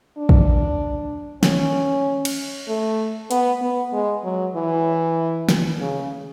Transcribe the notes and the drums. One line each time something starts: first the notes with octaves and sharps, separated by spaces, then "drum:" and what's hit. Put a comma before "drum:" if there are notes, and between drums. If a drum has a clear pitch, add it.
D4
drum: kick
C#4, drum: snare
drum: cymbal
A3
B3, drum: hi-hat
B3
G#3
F#3
E3
drum: snare
C#3